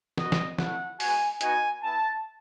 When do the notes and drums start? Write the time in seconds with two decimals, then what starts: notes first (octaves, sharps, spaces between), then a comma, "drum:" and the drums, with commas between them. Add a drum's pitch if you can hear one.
0.18 B3 F#4 D#5, drum: snare
0.32 drum: snare
0.58 A3 E4 F#5, drum: snare
1.00 G#3 B3 F#4 G#5, drum: open hi-hat
1.41 B3 D#4 F#4 G#5, drum: hi-hat
1.83 B3 E4 A5